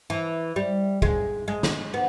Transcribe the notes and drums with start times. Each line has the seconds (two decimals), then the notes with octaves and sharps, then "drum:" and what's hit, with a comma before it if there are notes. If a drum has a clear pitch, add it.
0.10 E3
0.56 G3
1.02 G#3, drum: kick F#1
1.48 G#3
1.63 drum: snare
1.94 B3